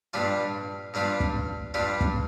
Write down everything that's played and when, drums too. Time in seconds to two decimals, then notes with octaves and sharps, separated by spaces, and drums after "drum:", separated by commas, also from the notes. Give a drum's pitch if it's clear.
0.13 G2 G3 D4 F4
0.94 G2 G3 D4 F4
1.20 drum: kick
1.74 G2 G3 D4 F4
2.01 drum: kick